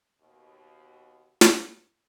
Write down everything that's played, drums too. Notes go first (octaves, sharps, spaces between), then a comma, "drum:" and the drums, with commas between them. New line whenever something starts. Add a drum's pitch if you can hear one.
D#2 B2
drum: snare